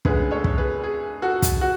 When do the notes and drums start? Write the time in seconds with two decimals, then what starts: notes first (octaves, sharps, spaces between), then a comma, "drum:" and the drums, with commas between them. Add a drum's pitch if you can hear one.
0.05 D2 D3 G#3 C#4 G#4 B4, drum: kick
0.31 A4 C#5
0.44 drum: kick
0.58 G#4 B4
0.84 G#4
1.22 F#4 A4
1.42 drum: kick, hi-hat
1.61 F#4